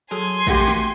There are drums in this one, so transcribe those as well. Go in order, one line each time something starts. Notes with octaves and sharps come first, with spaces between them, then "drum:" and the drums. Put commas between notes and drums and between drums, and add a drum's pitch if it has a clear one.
F#3 G#4 A4 G#5 C6
A3 A#3 F#4 G4, drum: kick
drum: snare